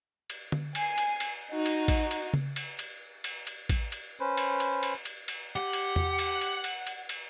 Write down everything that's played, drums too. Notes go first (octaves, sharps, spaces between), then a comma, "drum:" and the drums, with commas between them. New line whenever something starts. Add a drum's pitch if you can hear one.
drum: cymbal
drum: tom D3
G#5 C7, drum: cymbal
drum: cymbal
drum: cymbal
D#4 F#4
drum: cymbal
drum: kick A1, cymbal
drum: cymbal
drum: tom C#3
drum: cymbal
drum: cymbal
drum: cymbal
drum: cymbal
drum: kick A1, cymbal
drum: cymbal
C#4 B4 C5
drum: cymbal
drum: cymbal
drum: cymbal
drum: cymbal
drum: cymbal
G4 F#5
drum: cymbal
drum: tom E2
drum: cymbal
drum: cymbal
drum: cymbal
drum: cymbal
drum: cymbal